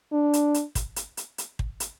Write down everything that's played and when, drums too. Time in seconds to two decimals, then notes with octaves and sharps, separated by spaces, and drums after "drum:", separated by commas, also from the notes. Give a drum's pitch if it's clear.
0.12 D4
0.33 drum: hi-hat
0.54 drum: hi-hat
0.75 drum: kick, hi-hat
0.96 drum: hi-hat
1.17 drum: hi-hat
1.38 drum: hi-hat
1.59 drum: kick
1.80 drum: hi-hat